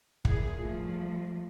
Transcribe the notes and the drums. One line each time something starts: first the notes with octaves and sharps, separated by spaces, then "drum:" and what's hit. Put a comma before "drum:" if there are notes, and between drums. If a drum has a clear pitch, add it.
A#2 E4 G#4, drum: kick
F3 G3 A3 F4